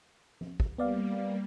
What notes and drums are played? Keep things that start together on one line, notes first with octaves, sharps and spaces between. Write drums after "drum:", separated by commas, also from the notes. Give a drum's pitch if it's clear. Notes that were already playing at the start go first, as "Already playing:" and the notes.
drum: tom F3
drum: kick
G3 A#3 B3 D5 F5